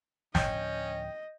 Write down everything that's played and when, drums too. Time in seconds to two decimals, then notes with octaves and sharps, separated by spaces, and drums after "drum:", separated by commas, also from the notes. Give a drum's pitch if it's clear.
0.35 D2 A2 F3 C#4 D#5 G5 G6, drum: snare